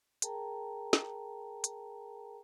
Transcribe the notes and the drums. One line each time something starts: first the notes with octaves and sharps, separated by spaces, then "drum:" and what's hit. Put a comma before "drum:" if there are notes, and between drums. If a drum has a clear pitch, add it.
G#4 A#4 G5 A5 A#5, drum: hi-hat
drum: snare
drum: hi-hat